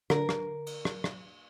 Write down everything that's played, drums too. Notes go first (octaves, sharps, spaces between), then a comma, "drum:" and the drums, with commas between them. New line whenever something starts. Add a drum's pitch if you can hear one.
D3 A#4, drum: rim click
drum: rim click
drum: cymbal
drum: rim click
drum: rim click